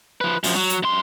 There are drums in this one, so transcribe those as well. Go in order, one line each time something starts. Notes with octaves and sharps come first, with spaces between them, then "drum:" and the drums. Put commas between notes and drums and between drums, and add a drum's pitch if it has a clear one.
F3 B4
F#2 F3, drum: open hi-hat
F#3
drum: hi-hat
F#2 C6